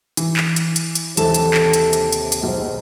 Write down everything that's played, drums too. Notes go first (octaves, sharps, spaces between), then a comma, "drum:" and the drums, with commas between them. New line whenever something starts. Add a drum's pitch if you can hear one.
E3, drum: hi-hat
drum: clap
drum: hi-hat
drum: hi-hat
drum: hi-hat
D#2 C3 E3 A4 A5, drum: hi-hat
drum: hi-hat
drum: clap
drum: hi-hat
drum: hi-hat
drum: hi-hat
drum: hi-hat
B1 G#2